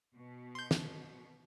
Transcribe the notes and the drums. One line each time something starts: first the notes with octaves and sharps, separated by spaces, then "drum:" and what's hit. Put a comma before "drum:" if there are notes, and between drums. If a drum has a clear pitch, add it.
B2
C6 G6
drum: snare